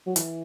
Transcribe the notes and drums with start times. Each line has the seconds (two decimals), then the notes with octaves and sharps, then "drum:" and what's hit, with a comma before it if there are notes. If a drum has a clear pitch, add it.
0.06 F#3
0.16 E3, drum: hi-hat